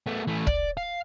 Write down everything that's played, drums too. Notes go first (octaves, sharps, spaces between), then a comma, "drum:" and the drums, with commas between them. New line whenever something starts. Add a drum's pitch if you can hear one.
A3 B3
E3 A3
D5, drum: kick
F5